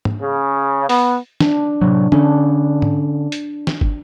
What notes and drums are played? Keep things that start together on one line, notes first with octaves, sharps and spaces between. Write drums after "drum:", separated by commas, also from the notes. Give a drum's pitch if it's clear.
drum: tom
C#3
B3, drum: open hi-hat
D4, drum: snare
A2 C3 F#3
D3 C#4 D4, drum: tom
drum: tom G#2
drum: hi-hat
drum: snare
drum: kick